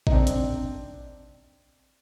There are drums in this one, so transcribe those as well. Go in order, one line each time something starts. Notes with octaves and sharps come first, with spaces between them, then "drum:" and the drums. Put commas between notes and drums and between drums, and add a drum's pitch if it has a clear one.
D#4, drum: kick A1
C4 D4
drum: hi-hat